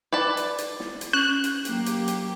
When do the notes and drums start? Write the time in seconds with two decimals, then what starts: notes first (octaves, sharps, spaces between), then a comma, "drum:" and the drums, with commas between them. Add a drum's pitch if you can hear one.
0.12 B4 D5 A5
0.37 drum: hi-hat
0.58 drum: hi-hat
0.80 drum: snare
1.01 drum: hi-hat
1.13 C#4 F#6
1.44 drum: hi-hat
1.65 F#3 A#3 G4, drum: hi-hat
1.86 drum: hi-hat
2.08 drum: hi-hat